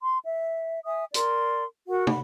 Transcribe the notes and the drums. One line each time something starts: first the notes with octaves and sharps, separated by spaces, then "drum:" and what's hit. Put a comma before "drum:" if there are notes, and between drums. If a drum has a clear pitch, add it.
C6
E5
E5 G#5 D#6
A#4 D5 A#5 C6, drum: hi-hat
F#4 A#4 F#5
F#5 B5, drum: tom